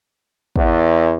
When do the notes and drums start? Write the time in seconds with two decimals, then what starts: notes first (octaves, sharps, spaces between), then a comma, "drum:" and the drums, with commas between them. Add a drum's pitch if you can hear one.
0.56 E2, drum: kick